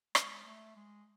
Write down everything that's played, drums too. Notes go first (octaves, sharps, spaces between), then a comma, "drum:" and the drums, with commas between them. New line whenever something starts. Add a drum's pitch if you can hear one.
G#3, drum: rim click
A3
G#3